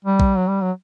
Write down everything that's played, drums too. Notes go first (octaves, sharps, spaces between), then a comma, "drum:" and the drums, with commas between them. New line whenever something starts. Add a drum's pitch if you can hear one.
G3
drum: kick A#1
F#3
G3
F#3